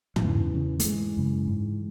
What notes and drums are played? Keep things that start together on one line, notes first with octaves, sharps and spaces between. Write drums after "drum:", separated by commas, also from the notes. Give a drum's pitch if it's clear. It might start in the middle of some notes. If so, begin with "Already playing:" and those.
F#3, drum: tom
E2 C#3 E3
E2 C#3
A3, drum: hi-hat
G#2 E3 G#3
F#2 C#3
G#2